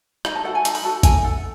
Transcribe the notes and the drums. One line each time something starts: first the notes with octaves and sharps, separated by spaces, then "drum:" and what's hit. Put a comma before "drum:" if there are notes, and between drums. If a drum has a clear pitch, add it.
D#4 B5, drum: rim click
A5
F#4 A4 F#5
G#5
D#4 A5, drum: hi-hat
B5, drum: open hi-hat
F#4 A4 A5
D#4 G#5, drum: kick A1, hi-hat
A4 F#5